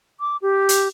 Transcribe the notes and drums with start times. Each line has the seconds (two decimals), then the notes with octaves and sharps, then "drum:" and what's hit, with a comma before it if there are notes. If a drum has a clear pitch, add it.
0.20 D6
0.42 G4
0.69 drum: hi-hat